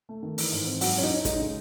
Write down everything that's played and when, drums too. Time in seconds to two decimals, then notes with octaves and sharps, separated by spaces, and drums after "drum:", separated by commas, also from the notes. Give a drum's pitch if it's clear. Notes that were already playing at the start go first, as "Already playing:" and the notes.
0.09 A3
0.23 D#3
0.38 E3, drum: open hi-hat
0.51 G#2
0.66 C4
0.81 F#3 F#4, drum: open hi-hat
0.96 C#4 E4
1.03 D#4
1.10 C#4
1.25 G#3 D#4, drum: kick, hi-hat
1.39 C#3